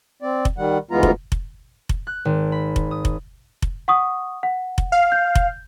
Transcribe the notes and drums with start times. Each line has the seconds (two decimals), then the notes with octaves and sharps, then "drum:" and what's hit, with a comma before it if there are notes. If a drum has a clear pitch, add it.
0.22 C4 D5
0.45 drum: kick F1
0.58 D#3 G3 F#5
0.91 D2 E3 G#3 B3 F4 A#5
1.03 drum: kick F1
1.32 drum: kick F1
1.89 drum: kick F1
2.07 F#6
2.25 G#1
2.52 B5
2.76 drum: kick F1
2.91 D#6
3.05 drum: kick F1
3.62 drum: kick F1
3.88 F#5 C#6 D#6
4.43 F#5
4.78 drum: kick F1
4.92 F5
5.12 G6
5.35 drum: kick F1